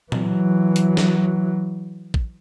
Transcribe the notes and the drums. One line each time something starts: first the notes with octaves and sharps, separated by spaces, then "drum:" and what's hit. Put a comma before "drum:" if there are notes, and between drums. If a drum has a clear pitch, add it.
E3 F#3, drum: tom A#2
drum: hi-hat
drum: snare
drum: kick A#1